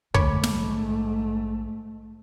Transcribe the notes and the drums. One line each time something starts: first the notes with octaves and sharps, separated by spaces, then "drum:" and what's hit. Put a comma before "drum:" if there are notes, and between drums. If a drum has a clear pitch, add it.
A#1 G#2 D3 A3 C#5 B5 D6, drum: kick
drum: snare